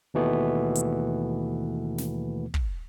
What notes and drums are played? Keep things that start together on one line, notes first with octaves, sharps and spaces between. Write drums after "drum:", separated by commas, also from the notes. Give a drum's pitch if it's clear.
D#2 B2 E3 A3 B3
drum: hi-hat
drum: snare
drum: kick